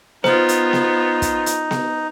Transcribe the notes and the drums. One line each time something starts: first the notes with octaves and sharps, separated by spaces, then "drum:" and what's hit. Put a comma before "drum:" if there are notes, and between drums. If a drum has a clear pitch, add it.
B3 D#4 F4 C5, drum: snare B3
drum: hi-hat
drum: snare B3
drum: kick, hi-hat
drum: hi-hat
drum: snare B3